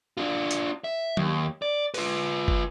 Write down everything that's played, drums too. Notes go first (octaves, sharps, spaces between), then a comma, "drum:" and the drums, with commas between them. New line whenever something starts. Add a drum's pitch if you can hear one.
D4 F4
drum: hi-hat
E5
D#2, drum: tom F#3
D5
F4 B4, drum: open hi-hat
drum: kick